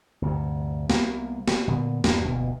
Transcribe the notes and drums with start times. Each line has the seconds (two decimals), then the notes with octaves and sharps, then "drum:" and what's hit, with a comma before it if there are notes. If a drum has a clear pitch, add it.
0.22 D2 G2 C3
0.90 C2 A#3 B3, drum: snare
1.48 drum: snare
1.68 A#2 D3 B3
2.04 E2 G2 A#3 D4, drum: snare
2.25 F1 D2 B2